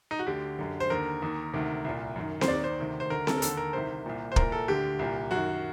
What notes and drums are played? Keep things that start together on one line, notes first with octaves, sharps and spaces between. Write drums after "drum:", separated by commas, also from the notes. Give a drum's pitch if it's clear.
D#4
F#4
D2 D3 G4
F#2 D3
C5
D#2 D3 A#4
D#2 D#3
D2 C3 D#3
C2 A#2
F#2 D#3
C5, drum: snare C4
D#2 D#3 D5
C5
D2 C3 D#3
C5
D2 D3 A#4
A4, drum: snare C4
A#4
D#2 D3 A4, drum: hi-hat
A#4
C2 C3 D#3 C5
C2 A#2
C5
C2 A#4, drum: kick
A#2
A4
D2 D3 G4
C2 A#2
F#2 D#3 F#4